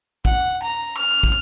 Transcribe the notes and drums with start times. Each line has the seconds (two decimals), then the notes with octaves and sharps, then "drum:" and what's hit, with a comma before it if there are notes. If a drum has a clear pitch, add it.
0.25 F#5, drum: kick
0.62 A#5
0.97 F6
1.23 drum: kick